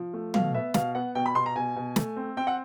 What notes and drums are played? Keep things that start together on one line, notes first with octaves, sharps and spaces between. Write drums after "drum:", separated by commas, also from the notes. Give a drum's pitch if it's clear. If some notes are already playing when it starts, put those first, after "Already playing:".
Already playing: F3
A3
B2 F5, drum: tom
B3 E5
B2 F5, drum: snare
B3 F#5
B2 G5
B5
B2 C6
A#5
B2 G#5
B2
A3, drum: snare
C4
C4 G5
F#5